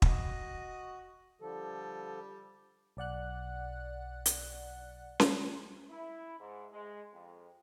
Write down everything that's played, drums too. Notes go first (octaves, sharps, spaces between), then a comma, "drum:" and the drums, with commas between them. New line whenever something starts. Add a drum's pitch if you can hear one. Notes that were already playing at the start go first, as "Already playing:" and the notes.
F#4 D#5, drum: kick
D3 F3 G3 A4
B1 D5 F#5 F#6
drum: hi-hat
drum: snare C#4
E4
G#2
G#3
F2